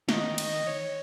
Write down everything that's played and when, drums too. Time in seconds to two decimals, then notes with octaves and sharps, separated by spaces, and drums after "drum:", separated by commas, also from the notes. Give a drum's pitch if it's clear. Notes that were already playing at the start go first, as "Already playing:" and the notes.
0.09 D#3 D#5, drum: snare
0.38 D#5, drum: cymbal
0.67 C#5